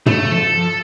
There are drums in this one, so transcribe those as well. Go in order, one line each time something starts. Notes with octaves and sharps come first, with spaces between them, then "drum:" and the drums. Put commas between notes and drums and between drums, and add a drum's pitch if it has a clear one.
C#3 A3, drum: tom
F3 A4